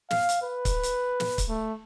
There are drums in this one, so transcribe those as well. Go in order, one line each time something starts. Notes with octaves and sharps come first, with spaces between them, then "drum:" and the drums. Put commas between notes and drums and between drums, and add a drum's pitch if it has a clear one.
F5, drum: snare
drum: hi-hat
B4
drum: kick C#1, hi-hat
drum: hi-hat
drum: snare
drum: kick C#1, hi-hat
A3